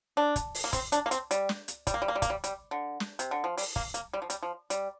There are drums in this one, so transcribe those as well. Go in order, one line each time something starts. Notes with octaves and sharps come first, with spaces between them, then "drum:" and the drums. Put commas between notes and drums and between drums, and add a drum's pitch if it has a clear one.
D4
drum: kick, hi-hat
drum: open hi-hat
A#3
C4, drum: kick, hi-hat
D4, drum: hi-hat
A#3
C4, drum: hi-hat
G3, drum: hi-hat
drum: snare
drum: hi-hat
G3, drum: kick, hi-hat
A#3
G3
A#3
G3
A#3, drum: kick, hi-hat
G3
G3, drum: hi-hat
D3
drum: snare
C3, drum: hi-hat
D3
F3
G3, drum: open hi-hat
A#3, drum: kick
A#3, drum: hi-hat
G3
F3
G3, drum: hi-hat
F3
G3, drum: hi-hat